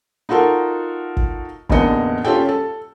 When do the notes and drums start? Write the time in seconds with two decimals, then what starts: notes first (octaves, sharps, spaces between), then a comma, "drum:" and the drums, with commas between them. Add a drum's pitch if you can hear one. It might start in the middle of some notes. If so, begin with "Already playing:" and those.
0.29 D#4 F4 F#4 A4 A#4
1.17 drum: kick
1.69 A1 E2 D3 A#3 D#5 C#7, drum: kick
2.25 C#4 F4 G4 A4 G5
2.49 A4